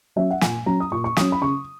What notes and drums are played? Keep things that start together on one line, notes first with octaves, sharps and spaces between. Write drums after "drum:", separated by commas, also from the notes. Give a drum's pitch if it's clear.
F#3 C#4 E5
F#5
A#2 G#5, drum: snare
F#3 C#4 A#5
D#6
A#2 C#6
C#6
F#3 C#4 D#6, drum: snare
B5
C#3 C#6